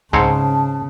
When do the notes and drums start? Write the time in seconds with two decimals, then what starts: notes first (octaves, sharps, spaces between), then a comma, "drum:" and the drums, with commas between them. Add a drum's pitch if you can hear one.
0.13 G#2 C#3 C4 C#5 A5, drum: kick C2